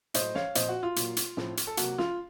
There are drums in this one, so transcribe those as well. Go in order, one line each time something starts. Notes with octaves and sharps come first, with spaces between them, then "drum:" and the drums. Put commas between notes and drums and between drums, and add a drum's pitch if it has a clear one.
A2 F#3 A3 C5 D#5, drum: hi-hat
C#5 F5, drum: snare
A#2 F3 C4 C5 D#5, drum: hi-hat
F#4
F4
A#2 F#3 A#3, drum: hi-hat
drum: hi-hat
A2 F3 C4, drum: snare
drum: hi-hat
A4
C3 F#3 A#3 F#4, drum: hi-hat
F4, drum: snare